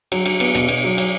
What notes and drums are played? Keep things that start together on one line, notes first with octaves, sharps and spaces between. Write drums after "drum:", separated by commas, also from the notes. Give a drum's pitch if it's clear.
F#3, drum: cymbal
F#3, drum: cymbal
B3, drum: cymbal
B2, drum: rim click
B2, drum: cymbal
F#3
F#3, drum: cymbal